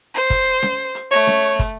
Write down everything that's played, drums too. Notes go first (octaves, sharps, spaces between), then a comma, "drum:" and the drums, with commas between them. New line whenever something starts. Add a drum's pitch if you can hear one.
C5
drum: kick, hi-hat
drum: snare C#4
drum: hi-hat
A3 C#5
drum: snare C#4
drum: kick, hi-hat